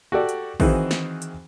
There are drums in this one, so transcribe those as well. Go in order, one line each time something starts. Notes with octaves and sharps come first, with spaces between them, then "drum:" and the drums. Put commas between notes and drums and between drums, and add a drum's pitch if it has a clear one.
F#4 G4 A4 D5
drum: hi-hat
D#3 E3 C4 F#4 G#4, drum: kick A1, open hi-hat
drum: snare
drum: hi-hat